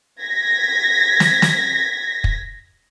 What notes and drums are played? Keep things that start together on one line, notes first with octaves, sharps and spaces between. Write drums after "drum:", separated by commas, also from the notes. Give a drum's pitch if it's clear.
G#6 A#6 B6
drum: snare
drum: snare
drum: kick